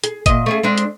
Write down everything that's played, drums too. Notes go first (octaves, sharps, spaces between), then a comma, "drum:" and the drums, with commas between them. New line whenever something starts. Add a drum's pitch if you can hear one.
G#4, drum: hi-hat
A#2 D#5, drum: kick, hi-hat
A3 C#4 G#4
G#3 C4 D4
drum: hi-hat